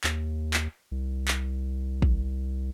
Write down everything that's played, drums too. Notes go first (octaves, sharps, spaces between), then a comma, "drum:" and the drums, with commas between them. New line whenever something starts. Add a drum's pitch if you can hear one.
D#2, drum: clap
drum: clap
C2
drum: clap
drum: kick